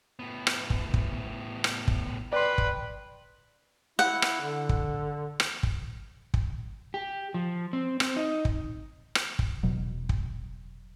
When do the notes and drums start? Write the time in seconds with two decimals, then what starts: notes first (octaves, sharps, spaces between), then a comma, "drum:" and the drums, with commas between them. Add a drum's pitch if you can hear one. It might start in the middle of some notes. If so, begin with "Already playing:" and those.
0.20 A2 B3
0.47 drum: rim click
0.70 drum: kick
0.94 drum: kick
1.64 drum: rim click
1.88 drum: kick
2.33 B4 D5 G5 C6
2.58 drum: kick
3.99 E4 F#5
4.22 drum: rim click
4.41 D3
4.69 drum: kick
5.40 drum: rim click
5.63 drum: kick
6.34 drum: kick
6.94 G4
7.34 F3
7.73 C4
8.00 C4, drum: rim click
8.16 D#4
8.45 drum: kick
9.15 drum: rim click
9.39 drum: kick
9.63 E1 B2 F#3
10.09 drum: kick